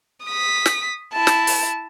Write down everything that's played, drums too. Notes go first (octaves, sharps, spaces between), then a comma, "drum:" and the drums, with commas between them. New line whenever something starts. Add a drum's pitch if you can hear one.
D#6 B6
drum: snare
E4 A5
drum: snare
drum: open hi-hat